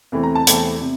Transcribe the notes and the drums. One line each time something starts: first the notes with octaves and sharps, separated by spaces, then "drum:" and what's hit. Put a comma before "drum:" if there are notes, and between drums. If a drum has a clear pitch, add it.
E2 C3 E3 A3 C4
A#5
A5
E2 C3 E3 A3 C4, drum: hi-hat
C3